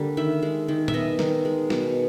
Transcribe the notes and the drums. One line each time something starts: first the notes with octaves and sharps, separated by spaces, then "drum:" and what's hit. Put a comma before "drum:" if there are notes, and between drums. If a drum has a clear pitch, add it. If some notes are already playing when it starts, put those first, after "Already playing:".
Already playing: D3 G3 A#3
D#3 E5
G#3
D#3
E5, drum: tom A#2
B3 D#5
D#3, drum: snare
G#3
B2, drum: snare